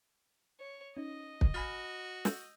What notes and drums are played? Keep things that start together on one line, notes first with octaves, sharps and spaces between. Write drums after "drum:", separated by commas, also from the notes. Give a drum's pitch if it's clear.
C#5
C#4 D#4 D#5
drum: kick
F#4 G#5 B5 F6
E6 G6, drum: snare